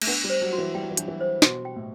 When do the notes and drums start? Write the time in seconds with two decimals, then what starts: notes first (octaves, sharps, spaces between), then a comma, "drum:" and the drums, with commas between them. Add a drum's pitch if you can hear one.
0.02 A3, drum: cymbal
0.07 B3 D4
0.24 G3
0.30 C5
0.42 F#3
0.53 F#4
0.58 E3
0.74 G3 G5
0.83 F#3
0.91 E3
0.97 F#3 D4, drum: hi-hat
1.08 E3
1.20 C5
1.42 B2 F#4, drum: snare
1.65 G5
1.76 A2